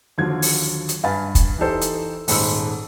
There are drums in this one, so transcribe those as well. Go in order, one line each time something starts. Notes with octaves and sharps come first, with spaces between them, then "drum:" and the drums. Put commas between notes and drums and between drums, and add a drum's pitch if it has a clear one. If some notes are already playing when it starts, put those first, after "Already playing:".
D#2 D3 F3 F#3 G#6
drum: open hi-hat
drum: hi-hat
G2 B4 F5 G#5 B5 A6
drum: kick, hi-hat
E3 D#4 G4 A4 C5
drum: hi-hat
D#1 G#2 B5 E6, drum: open hi-hat